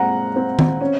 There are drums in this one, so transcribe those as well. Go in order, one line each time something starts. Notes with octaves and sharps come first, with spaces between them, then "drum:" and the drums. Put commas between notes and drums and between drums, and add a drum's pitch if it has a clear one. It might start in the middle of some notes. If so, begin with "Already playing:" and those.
Already playing: A#2 G#3 C4 F#5 A#5
C4
drum: tom D#3
C#4